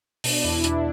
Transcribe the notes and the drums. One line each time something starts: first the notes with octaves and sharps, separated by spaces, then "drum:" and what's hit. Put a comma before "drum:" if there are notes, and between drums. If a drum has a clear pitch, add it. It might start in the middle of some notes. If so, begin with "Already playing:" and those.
B2 D4, drum: open hi-hat
E2 E4
E2 D4, drum: hi-hat